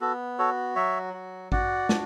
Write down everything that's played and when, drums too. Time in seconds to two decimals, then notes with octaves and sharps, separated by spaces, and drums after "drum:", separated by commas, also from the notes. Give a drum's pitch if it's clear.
0.01 B3 F#4 A4
0.39 F#4 A4 C#5
0.76 F#3 C#5 E5
1.14 F#4
1.52 F#4 D5 F#5, drum: kick G#1
1.89 D4, drum: snare